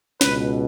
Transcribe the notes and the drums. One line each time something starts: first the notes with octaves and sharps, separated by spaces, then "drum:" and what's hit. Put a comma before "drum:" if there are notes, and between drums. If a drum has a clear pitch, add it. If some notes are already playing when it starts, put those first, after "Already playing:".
C#2 B2 B4, drum: snare